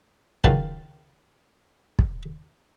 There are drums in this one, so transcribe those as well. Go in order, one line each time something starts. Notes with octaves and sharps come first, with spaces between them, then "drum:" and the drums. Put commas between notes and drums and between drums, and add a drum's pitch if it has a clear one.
C#2 D#3 F#3 B4 F5 A5, drum: kick
drum: kick